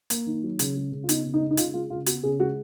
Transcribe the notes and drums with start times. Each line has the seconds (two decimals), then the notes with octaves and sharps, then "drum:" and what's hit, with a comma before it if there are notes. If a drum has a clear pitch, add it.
0.10 A#3, drum: hi-hat
0.26 D#3
0.43 F#3
0.59 C#3, drum: hi-hat
0.76 G#3
0.92 C#3
1.04 F4
1.09 B3 D#4, drum: hi-hat
1.25 C#3
1.34 D#4
1.41 G#3
1.51 D#4
1.57 C#3 F4, drum: hi-hat
1.74 G#3 F4
1.90 C#3 F4
2.07 B3 F#4, drum: hi-hat
2.23 C#3 G#4
2.40 G#3 F#4